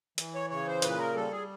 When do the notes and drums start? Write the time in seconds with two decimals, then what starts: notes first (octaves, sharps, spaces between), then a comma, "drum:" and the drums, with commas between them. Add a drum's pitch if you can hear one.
0.18 E3, drum: hi-hat
0.35 C#5
0.50 C#3 C#5
0.67 C5
0.82 A#2 B4, drum: hi-hat
0.98 A#4
1.15 G3 A4
1.31 G#4